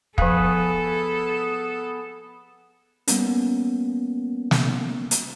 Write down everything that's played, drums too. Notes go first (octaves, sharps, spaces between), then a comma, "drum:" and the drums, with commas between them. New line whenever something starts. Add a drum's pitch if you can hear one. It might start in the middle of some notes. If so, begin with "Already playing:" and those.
F3 B3 G#4 A4 B4 F5, drum: kick
G3 A#3 B3 C#4, drum: hi-hat
drum: snare
drum: hi-hat